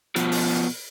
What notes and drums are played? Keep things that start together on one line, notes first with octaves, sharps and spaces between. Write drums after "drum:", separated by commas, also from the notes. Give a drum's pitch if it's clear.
B2 F3, drum: hi-hat
drum: open hi-hat